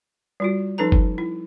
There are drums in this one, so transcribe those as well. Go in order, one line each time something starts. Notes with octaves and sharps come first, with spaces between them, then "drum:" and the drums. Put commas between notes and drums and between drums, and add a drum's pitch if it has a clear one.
G3 F4 F#4
F3 C#4 D#4 A4 B4 A#5
drum: kick
E4